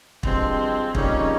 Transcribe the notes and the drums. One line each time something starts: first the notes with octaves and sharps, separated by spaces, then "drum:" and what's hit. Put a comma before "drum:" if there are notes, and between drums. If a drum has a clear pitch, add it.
G2 F3 G#3 C4, drum: kick
F2 C#3 G3 A#3 C#4 D#4, drum: kick